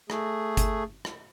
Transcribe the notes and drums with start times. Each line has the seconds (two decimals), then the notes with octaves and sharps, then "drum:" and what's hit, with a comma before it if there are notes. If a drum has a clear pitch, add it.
0.10 A3 G#4, drum: rim click
0.57 drum: kick G1, hi-hat
1.05 drum: rim click